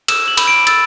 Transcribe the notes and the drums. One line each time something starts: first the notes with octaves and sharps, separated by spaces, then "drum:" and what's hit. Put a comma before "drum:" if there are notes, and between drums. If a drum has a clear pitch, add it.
E6 E7, drum: cymbal
F#7
B5, drum: cymbal
D7
E6 A6, drum: cymbal